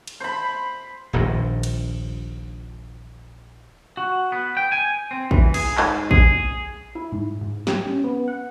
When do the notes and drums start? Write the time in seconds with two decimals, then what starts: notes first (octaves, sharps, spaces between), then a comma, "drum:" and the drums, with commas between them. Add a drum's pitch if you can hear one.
0.07 drum: cymbal
0.20 C5 B5
1.13 D#1 A#1 G2
1.63 drum: cymbal
3.97 F#4
4.32 B3
4.57 G5
4.72 G#5
5.11 C4
5.31 E3, drum: kick
5.54 G#4, drum: cymbal
5.77 G#2, drum: clap
6.11 G#4, drum: kick
6.95 E4
7.12 G#2
7.41 G#2
7.67 G4, drum: snare
7.86 C#4
8.04 B3
8.28 F#5